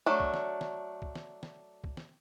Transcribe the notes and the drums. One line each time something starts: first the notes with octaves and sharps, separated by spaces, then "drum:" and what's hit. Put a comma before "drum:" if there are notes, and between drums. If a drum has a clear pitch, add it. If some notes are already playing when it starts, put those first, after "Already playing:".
F#3 A3 D4
drum: kick
drum: snare
drum: snare
drum: kick
drum: snare
drum: snare
drum: kick
drum: snare